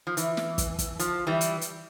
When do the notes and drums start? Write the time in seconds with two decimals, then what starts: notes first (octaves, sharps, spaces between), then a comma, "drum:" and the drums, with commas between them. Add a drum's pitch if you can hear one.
0.07 F3
0.17 E3, drum: hi-hat
0.37 drum: snare
0.58 drum: kick, hi-hat
0.79 drum: kick, hi-hat
0.99 F3, drum: hi-hat
1.27 E3 G3
1.41 drum: hi-hat
1.61 drum: hi-hat